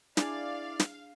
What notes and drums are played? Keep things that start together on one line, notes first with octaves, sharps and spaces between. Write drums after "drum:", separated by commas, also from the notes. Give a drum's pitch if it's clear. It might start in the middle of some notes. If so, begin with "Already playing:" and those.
D4 E4 G#4 D5 F5, drum: snare
drum: snare